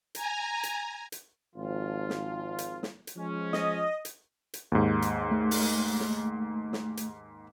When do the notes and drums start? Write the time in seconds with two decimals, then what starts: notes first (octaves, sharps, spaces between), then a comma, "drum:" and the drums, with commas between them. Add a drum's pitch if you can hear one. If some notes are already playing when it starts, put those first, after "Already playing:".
0.15 G#5 A#5, drum: hi-hat
0.63 drum: hi-hat
1.12 drum: hi-hat
1.55 G#1 F3 F4
2.10 drum: snare
2.58 drum: hi-hat
2.83 drum: snare
3.07 drum: hi-hat
3.16 F3 G#3 C#4
3.53 D#5, drum: snare
4.05 drum: hi-hat
4.54 drum: hi-hat
4.72 D#2 G#2
5.02 drum: hi-hat
5.31 A3
5.51 drum: open hi-hat
6.00 drum: snare
6.73 drum: snare
6.97 drum: hi-hat